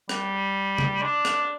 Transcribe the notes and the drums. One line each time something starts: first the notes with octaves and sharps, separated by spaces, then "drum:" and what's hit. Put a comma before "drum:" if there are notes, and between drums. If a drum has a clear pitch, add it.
G3, drum: rim click
drum: tom C3
D4
drum: rim click